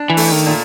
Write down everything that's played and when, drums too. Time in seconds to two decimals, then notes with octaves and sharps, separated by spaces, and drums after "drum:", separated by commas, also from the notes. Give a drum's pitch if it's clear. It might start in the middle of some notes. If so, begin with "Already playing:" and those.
Already playing: D4
0.10 E3
0.17 A3, drum: open hi-hat
0.32 D#3
0.47 A#2